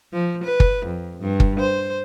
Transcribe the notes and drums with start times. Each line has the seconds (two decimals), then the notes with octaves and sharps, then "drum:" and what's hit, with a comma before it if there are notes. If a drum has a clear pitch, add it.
0.13 F3
0.44 B4
0.60 drum: kick
0.86 F2
1.20 G2
1.40 drum: kick
1.60 C5